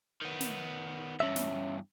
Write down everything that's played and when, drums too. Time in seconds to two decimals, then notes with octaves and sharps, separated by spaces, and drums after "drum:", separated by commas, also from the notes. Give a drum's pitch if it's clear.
0.21 D#3 B3
0.40 drum: snare
1.20 E2 G2 C#4 E5
1.36 drum: snare